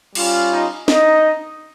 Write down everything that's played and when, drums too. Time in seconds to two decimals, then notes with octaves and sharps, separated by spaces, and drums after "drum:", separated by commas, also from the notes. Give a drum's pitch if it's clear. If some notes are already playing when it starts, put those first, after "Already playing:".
0.15 G3 C#4 F4, drum: cymbal
0.52 D#4 D#5
0.88 D#4 D#5, drum: snare